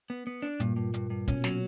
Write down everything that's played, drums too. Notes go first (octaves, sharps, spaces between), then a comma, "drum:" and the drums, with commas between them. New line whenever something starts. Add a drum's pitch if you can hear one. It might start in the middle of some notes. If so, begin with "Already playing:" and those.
B3
B3
D4
G2 A#2, drum: hi-hat
G2
G2, drum: hi-hat
G2
B2 C#4, drum: kick, hi-hat
F#3, drum: snare